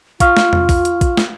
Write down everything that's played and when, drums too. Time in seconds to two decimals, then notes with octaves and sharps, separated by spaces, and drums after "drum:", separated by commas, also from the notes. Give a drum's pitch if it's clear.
0.20 F4 F5 C#6 F6, drum: kick, hi-hat
0.37 drum: snare
0.53 drum: tom E2
0.69 drum: kick, open hi-hat
0.85 drum: hi-hat
1.01 drum: kick, hi-hat
1.17 drum: snare